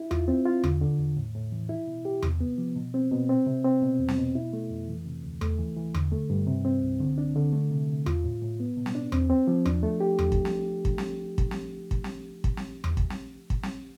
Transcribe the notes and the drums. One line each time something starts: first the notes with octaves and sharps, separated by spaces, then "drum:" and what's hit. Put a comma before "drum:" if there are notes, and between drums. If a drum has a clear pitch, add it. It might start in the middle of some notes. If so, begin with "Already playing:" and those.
Already playing: E4
F4, drum: tom E2
C4
F4
D3, drum: tom E2
D3
E2
A2
A2
E3
E4
B2
G4
C3, drum: tom E2
B3
F3
B2
C4
B2
C4
C3
C4
B2
E2
drum: snare
B2
E4
A3
F2
E3
C3
D2
A3, drum: tom E2
E3
E3
D3, drum: tom E2
A3
G2
C3
C4
C2
D3
D4
D3
A3
C3
C3
F4, drum: tom E2
A2
A2
B3
B2
drum: snare
D4
C4, drum: tom E2
C4
F3
D4, drum: tom E2
A3
G4
drum: tom E2
drum: kick
drum: snare
drum: kick
drum: snare
drum: kick
drum: snare
drum: kick
drum: snare
drum: kick
drum: snare
drum: tom E2
drum: kick
drum: snare
drum: kick
drum: snare